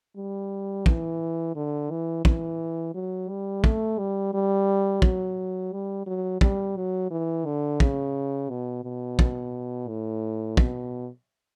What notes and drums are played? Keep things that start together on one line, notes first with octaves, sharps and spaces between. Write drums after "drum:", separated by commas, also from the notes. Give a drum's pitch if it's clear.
G3
E3, drum: kick
D3
E3
E3, drum: kick
F#3
G3
A3, drum: kick
G3
G3
F#3, drum: kick
G3
F#3
G3, drum: kick
F#3
E3
D3
C#3, drum: kick
B2
B2
drum: kick
A2
B2, drum: kick